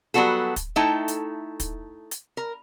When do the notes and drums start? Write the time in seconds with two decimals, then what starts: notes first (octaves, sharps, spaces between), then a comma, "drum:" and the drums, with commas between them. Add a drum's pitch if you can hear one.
0.14 F#3 G3 B3 F#4 A4
0.56 drum: kick, hi-hat
0.76 A3 D#4 E4 A4 G5
1.08 drum: hi-hat
1.60 drum: kick, hi-hat
2.11 drum: hi-hat
2.37 A#4